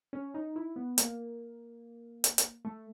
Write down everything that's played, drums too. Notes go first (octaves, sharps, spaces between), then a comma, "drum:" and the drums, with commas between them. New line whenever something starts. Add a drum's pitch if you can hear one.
C#4
D#4
E4
B3
A#3, drum: hi-hat
drum: hi-hat
drum: hi-hat
A3